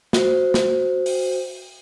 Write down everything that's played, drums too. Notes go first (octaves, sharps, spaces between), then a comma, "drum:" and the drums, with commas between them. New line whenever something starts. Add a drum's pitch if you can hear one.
F#4 C5, drum: snare
drum: snare
drum: open hi-hat